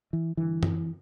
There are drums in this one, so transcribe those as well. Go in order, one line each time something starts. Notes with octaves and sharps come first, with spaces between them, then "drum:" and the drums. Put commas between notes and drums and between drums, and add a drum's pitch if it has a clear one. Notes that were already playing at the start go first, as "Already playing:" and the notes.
E3
G2 D3 E3
drum: tom F#2